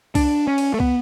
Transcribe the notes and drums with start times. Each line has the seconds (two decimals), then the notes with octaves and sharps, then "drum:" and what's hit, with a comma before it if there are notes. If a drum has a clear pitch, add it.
0.15 D4, drum: kick, cymbal
0.47 C#4
0.58 drum: cymbal
0.74 A3
0.80 B3, drum: kick